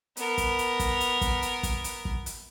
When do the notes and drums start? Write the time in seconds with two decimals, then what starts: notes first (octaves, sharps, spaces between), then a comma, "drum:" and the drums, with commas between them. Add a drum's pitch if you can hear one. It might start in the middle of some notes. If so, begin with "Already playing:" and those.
0.17 B3 A#4, drum: hi-hat
0.38 drum: kick, hi-hat
0.59 drum: hi-hat
0.80 drum: kick, hi-hat
1.00 drum: hi-hat
1.21 drum: kick, hi-hat
1.42 drum: hi-hat
1.63 drum: kick, hi-hat
1.84 drum: hi-hat
2.05 drum: kick
2.26 drum: hi-hat